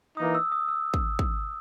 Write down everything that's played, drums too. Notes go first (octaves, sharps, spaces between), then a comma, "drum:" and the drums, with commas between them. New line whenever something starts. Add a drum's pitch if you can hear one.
E3 A#3 D#4 D#6
E6
D#6
E6
drum: kick
drum: kick